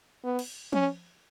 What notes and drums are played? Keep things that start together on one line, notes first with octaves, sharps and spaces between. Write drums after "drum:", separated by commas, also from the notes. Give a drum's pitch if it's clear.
B3
drum: cymbal
C#4, drum: tom F3